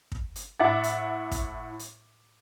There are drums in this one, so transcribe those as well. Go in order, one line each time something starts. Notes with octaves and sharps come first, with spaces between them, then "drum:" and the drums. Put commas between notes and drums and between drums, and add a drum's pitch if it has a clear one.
drum: kick
drum: hi-hat
A2 E5 F#5 D6 A6
drum: hi-hat
drum: kick, hi-hat
drum: hi-hat